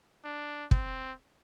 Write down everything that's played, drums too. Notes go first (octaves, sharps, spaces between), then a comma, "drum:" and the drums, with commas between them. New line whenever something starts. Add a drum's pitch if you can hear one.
D4
C4, drum: kick